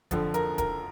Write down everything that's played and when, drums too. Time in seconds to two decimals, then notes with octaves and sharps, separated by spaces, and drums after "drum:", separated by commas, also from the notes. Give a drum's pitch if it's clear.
0.11 F2 D3 F3, drum: kick D#1, hi-hat
0.34 A#4, drum: hi-hat
0.58 A#4, drum: kick D#1, hi-hat